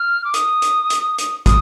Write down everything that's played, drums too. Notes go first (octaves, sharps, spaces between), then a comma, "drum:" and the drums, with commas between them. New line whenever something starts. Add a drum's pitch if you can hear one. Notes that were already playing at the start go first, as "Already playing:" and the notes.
Already playing: F6
D6
D#6, drum: hi-hat
drum: hi-hat
drum: hi-hat
drum: hi-hat
D#6, drum: kick, hi-hat